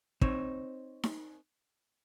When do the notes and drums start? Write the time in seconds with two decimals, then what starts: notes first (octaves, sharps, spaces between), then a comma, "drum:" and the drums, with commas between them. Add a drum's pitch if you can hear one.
0.21 C4 D#4 C5 C#5, drum: kick
1.03 drum: snare D#4